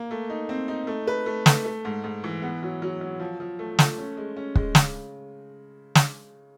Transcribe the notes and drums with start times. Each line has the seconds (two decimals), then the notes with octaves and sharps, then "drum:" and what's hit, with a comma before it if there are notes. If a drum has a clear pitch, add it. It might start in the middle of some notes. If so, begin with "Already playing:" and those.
Already playing: A#3
0.11 A3
0.30 D#4
0.49 C4
0.68 D#4
0.87 A3
1.07 B4
1.26 A3
1.46 A3, drum: snare
1.65 A3
1.85 G#2
2.04 G#2
2.24 E3
2.42 B3
2.63 F#3
2.82 F#3
3.01 F#3
3.20 F3
3.40 F3
3.59 A3
3.79 A3, drum: snare
3.98 C#4
4.17 G#3
4.37 C#4
4.55 G#3, drum: kick
4.75 C#3, drum: snare
5.95 drum: snare